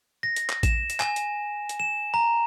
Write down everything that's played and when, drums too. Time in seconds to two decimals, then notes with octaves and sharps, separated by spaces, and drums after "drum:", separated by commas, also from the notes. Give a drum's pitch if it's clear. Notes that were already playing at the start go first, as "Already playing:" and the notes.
0.23 A#6
0.36 drum: hi-hat
0.50 drum: clap
0.63 E7, drum: kick A1, hi-hat
0.90 drum: hi-hat
1.00 G#5, drum: clap
1.16 drum: hi-hat
1.69 drum: hi-hat
1.80 E7
2.14 A#5